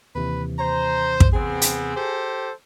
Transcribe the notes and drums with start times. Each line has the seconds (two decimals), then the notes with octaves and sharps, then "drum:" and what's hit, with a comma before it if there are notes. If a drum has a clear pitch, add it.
0.15 D#2 C3 E3 B4
0.59 C5 A#5
1.20 drum: kick
1.33 B3 C4 G#4
1.62 drum: hi-hat
1.95 G4 A4 C5